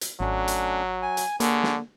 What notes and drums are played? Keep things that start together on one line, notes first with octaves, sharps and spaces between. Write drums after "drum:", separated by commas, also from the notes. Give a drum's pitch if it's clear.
drum: hi-hat
G#1 F#3 A3 C#4 D4
drum: hi-hat
G#5
drum: hi-hat
D3 A#3 G#4 C#5, drum: hi-hat
drum: snare